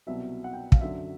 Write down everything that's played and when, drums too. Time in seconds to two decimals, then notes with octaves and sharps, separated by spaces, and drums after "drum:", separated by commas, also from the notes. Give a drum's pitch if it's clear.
0.07 C2 B2 F#3 E5
0.44 F#5
0.53 G5
0.72 F5, drum: kick
0.81 F#2 D3 F#3 E5